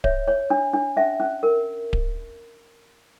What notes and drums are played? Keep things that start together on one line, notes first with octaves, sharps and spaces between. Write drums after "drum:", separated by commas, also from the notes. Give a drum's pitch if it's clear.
C#5 E5, drum: kick D1
C#5
D4
D4
C#4 E5
C#4
A#4
drum: kick D1